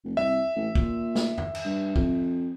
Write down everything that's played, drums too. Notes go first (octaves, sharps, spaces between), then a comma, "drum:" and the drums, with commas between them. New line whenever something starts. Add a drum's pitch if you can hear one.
F1
C2 E5
A1
A#2, drum: kick
drum: snare
drum: tom F2
drum: cymbal
G2
F2, drum: kick